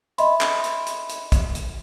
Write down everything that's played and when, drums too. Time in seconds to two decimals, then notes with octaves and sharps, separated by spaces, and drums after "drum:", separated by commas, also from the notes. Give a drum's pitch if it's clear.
0.18 D#5 E5 B5 C6, drum: hi-hat
0.41 drum: clap
0.64 drum: hi-hat
0.87 drum: hi-hat
1.09 drum: hi-hat
1.32 drum: kick, hi-hat
1.55 drum: hi-hat